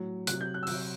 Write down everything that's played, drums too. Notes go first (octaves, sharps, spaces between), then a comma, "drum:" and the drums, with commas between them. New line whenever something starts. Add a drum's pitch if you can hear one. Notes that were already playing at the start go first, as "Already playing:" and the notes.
Already playing: A2 F#3
C3 F#3 F#6, drum: hi-hat
G6
F#6
E6
C3 F#3 F#6, drum: open hi-hat